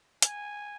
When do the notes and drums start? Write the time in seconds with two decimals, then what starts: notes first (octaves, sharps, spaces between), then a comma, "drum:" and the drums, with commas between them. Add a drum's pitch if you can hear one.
0.22 G#5, drum: hi-hat